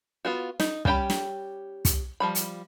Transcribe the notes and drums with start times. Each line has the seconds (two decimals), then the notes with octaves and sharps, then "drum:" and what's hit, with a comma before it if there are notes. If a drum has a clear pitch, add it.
0.25 B3 F4 F#4
0.60 D#4, drum: snare
0.85 G3 C#4 G4 G5 B5, drum: kick
1.10 drum: snare
1.85 drum: kick, hi-hat
2.20 F3 G3 B5
2.35 drum: hi-hat